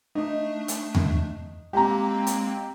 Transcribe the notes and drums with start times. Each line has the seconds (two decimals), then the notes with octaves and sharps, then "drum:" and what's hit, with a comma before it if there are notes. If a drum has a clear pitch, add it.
0.15 A3 D4 D#4
0.68 drum: hi-hat
0.95 drum: tom E2
1.73 G#3 A#3 C4 G4 A#5
2.27 drum: hi-hat